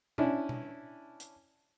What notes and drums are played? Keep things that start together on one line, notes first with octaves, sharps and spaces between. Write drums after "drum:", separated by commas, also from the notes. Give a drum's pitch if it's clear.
C#4 D4 E4, drum: tom B2
drum: tom B2
drum: hi-hat